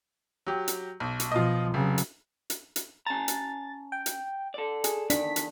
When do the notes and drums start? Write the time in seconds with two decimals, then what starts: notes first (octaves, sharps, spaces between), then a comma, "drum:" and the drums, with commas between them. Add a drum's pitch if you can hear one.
0.47 F#3 G4
0.68 drum: hi-hat
1.00 B1
1.20 drum: hi-hat
1.32 B2 F3 F4 D#5
1.74 F1 C#3 F#3
1.98 drum: hi-hat
2.50 drum: hi-hat
2.76 drum: hi-hat
3.06 C#4 A5 A#5 A6
3.28 drum: hi-hat
3.92 G5
4.06 drum: hi-hat
4.54 A4 D5
4.84 G#4, drum: hi-hat
5.10 E2 D#3 D4 B6, drum: hi-hat
5.36 drum: hi-hat